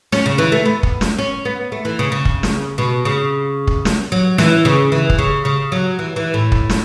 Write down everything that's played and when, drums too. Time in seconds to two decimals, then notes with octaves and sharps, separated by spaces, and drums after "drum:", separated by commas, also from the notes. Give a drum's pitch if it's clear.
0.12 C#4, drum: snare
0.26 C#3
0.38 E3
0.52 A3
0.65 B3
0.83 drum: kick
1.01 drum: snare
1.18 C#4
1.45 B3
1.72 A3
1.85 E3
1.99 C#3
2.12 C#3
2.25 drum: kick
2.43 drum: snare
2.78 B2
3.05 C#3
3.67 drum: kick
3.85 drum: snare
4.12 F#3
4.38 E3, drum: snare
4.65 C#3
4.92 E3
5.10 drum: kick
5.19 C#3
5.45 C#3
5.72 F#3
5.99 E3
6.16 E3
6.34 A2
6.52 drum: kick
6.69 drum: snare